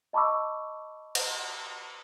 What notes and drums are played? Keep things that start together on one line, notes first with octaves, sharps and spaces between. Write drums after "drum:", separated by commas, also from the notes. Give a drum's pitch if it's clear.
D#5 A5 B5 C#6 D6 E6
drum: cymbal